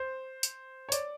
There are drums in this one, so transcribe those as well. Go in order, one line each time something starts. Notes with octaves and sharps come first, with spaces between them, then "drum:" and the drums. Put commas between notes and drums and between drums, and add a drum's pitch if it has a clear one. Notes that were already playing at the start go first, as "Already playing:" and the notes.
Already playing: C5
drum: hi-hat
C#5
D5, drum: hi-hat